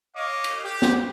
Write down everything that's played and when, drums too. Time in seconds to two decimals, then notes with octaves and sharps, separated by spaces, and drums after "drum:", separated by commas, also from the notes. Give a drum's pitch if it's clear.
0.15 C#5 D#5 F5 D6
0.44 drum: cymbal
0.64 G4
0.82 drum: snare